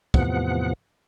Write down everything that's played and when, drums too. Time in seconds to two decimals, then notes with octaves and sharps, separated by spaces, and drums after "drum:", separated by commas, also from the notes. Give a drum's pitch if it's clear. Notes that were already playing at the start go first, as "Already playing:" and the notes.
0.14 E2 A2 C3 F3 B3 F#5, drum: kick